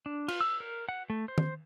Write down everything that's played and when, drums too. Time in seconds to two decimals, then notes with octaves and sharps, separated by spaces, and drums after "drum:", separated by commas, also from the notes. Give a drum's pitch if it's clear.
0.06 D4
0.28 F4, drum: cymbal
0.41 E6
0.60 A#4
0.89 F#5
1.10 A3
1.28 C5
1.38 drum: tom D#3